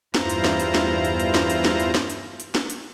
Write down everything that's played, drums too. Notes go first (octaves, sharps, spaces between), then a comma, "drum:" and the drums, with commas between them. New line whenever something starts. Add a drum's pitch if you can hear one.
E2 G2 E4 F4 C5 A#5, drum: snare
drum: hi-hat
drum: snare
drum: hi-hat
drum: snare
drum: hi-hat
drum: hi-hat
drum: snare
drum: hi-hat
drum: snare
drum: hi-hat
drum: snare
drum: hi-hat
drum: hi-hat
drum: snare
drum: hi-hat